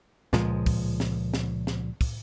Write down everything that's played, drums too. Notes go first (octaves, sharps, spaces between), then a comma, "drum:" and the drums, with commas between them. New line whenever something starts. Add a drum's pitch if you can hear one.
C#2 A#2 F3 G#3, drum: snare
drum: kick, open hi-hat
drum: snare
drum: snare
drum: snare
drum: kick, open hi-hat